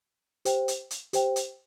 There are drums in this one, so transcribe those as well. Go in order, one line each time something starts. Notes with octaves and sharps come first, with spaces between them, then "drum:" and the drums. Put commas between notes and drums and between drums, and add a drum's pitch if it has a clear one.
G4 C5 G5, drum: hi-hat
drum: hi-hat
drum: hi-hat
G4 C5 G5, drum: hi-hat
drum: hi-hat